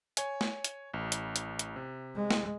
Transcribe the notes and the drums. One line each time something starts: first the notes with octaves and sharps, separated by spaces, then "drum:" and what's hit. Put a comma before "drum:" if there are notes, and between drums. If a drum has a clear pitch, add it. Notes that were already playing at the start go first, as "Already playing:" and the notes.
C#5 G#5, drum: hi-hat
drum: snare
drum: hi-hat
A1
drum: hi-hat
drum: hi-hat
drum: hi-hat
C3
G#3
drum: snare